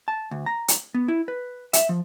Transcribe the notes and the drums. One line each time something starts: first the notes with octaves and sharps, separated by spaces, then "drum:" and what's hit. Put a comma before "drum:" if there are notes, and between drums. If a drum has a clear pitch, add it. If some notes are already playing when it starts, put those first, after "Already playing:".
A5
D2
A#5
drum: hi-hat
B3
E4
B4
E5, drum: hi-hat
F3